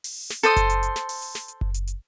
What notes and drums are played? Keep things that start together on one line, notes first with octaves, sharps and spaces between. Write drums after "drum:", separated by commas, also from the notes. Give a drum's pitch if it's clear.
drum: open hi-hat
drum: snare
A4 C5 D#6, drum: hi-hat
drum: kick F#1, hi-hat
drum: hi-hat
drum: hi-hat
drum: snare
drum: open hi-hat
drum: hi-hat
drum: snare
drum: hi-hat
drum: kick F#1
drum: hi-hat
drum: hi-hat